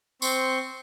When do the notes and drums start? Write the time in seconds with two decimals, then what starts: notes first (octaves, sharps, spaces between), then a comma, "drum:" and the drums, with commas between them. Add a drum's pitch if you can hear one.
0.22 C4 C6 C#6, drum: tambourine